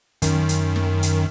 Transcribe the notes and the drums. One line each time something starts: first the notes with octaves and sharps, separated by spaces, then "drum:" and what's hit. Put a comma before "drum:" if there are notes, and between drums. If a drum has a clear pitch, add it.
F#2 D#3, drum: kick, hi-hat
drum: hi-hat
drum: snare
drum: hi-hat